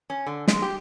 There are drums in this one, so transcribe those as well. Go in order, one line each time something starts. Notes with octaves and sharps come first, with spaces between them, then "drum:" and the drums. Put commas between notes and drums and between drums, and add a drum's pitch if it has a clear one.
C#4
D3
G#3, drum: snare
G4